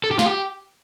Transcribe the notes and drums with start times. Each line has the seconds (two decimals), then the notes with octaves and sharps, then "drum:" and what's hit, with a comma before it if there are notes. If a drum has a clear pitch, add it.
0.04 A4
0.11 G4
0.19 F4, drum: snare
0.26 G4